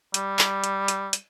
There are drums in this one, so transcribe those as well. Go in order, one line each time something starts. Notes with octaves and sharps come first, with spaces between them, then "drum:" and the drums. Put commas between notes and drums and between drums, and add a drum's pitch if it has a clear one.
G3, drum: hi-hat
drum: clap
drum: hi-hat
drum: hi-hat
drum: hi-hat